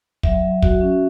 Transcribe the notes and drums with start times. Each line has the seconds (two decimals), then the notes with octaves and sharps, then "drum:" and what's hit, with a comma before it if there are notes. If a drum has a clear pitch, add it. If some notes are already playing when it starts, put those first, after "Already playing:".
0.23 F#3 E5, drum: kick
0.43 F#3
0.62 F#4, drum: kick
0.81 C#4